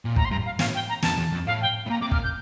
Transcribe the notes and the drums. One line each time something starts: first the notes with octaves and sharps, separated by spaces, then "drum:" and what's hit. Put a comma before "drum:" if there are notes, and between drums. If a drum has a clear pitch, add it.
A#2
A2 A#5, drum: kick
C6
G2 A#5
F5
A2 F5, drum: snare
G5
A#5
F2 A5, drum: snare
E2
F2
A2 F5
G5
A2
A#2 A#5
C3 D6
A#2 F6, drum: kick
G6